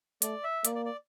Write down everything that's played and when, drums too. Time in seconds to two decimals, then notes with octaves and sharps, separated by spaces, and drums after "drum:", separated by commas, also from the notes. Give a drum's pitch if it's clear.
0.22 A3 D5, drum: hi-hat
0.44 E5
0.65 A#3 D5, drum: hi-hat
0.75 D5
0.86 D5